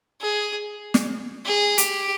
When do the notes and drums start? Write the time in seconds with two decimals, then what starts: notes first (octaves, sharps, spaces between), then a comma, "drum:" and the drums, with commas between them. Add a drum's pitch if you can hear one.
0.21 G#4
0.94 drum: snare
1.46 G#4
1.78 G4, drum: hi-hat